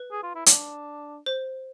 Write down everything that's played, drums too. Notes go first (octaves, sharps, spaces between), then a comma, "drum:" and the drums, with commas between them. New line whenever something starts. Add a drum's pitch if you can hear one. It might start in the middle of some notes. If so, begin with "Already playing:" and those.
Already playing: B4
G#4
F4
E4
D4, drum: hi-hat
C5